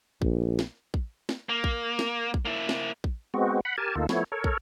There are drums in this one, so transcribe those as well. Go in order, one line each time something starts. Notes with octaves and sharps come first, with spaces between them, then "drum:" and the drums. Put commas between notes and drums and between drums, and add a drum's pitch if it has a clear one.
A#1, drum: kick
drum: snare
drum: kick
drum: snare
A#3
drum: kick
drum: snare
drum: kick
A#3 E4
drum: snare
drum: kick
G#3 B3 C4 F#4
F#5 B5
G4 A#4 G#5 A5
D2 A#3 D#4 F4 A4
F3 A3 B3 E4 C#5, drum: snare
A4 A#4 C#5
drum: kick